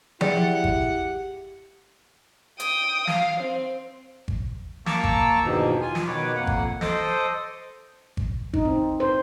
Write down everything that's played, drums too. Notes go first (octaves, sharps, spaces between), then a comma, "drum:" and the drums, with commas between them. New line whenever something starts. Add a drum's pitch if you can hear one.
E4 G4 G#4 D5 F#5, drum: tom F3
drum: kick G#1
G5 D#6, drum: hi-hat
F5, drum: snare
C4
drum: kick G#1
A#3 A5 A#5 C#6 D6 E6, drum: snare
drum: kick G#1
E2 G2 B2 D#3 F3 A#3
F4 G#5
drum: snare
B2 D#3 B4 C#5 D6
F2 A#3 F#5
drum: kick G#1
A4 C5 D#5 D6 D#6, drum: snare
drum: kick G#1
D#4, drum: kick G#1
C4
C5